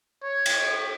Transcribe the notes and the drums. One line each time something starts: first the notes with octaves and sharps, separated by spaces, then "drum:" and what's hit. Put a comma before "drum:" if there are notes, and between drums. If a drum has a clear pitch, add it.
C#5
drum: cymbal